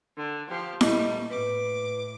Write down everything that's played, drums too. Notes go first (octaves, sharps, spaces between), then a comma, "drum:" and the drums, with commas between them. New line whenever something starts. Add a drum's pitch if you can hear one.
D3
F3 G4
A#2 G3 A3 D#5, drum: snare E4
A2 B4 D6